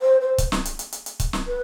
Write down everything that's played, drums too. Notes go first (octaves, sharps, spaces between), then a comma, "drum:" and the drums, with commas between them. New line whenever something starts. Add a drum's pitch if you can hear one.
C5
C5
drum: kick, hi-hat
drum: snare
drum: hi-hat
drum: hi-hat
drum: hi-hat
drum: hi-hat
drum: kick, hi-hat
drum: snare
B4